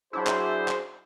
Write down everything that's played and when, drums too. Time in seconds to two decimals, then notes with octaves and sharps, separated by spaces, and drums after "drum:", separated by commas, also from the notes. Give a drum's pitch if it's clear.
0.13 F#3 D4 E4 F#4 G#4 C5
0.27 drum: clap
0.68 drum: clap